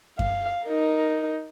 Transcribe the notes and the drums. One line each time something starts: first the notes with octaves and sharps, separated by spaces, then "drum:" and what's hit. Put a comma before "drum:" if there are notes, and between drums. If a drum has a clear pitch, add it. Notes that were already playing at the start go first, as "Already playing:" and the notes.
F5, drum: kick F#2
D#4 A#4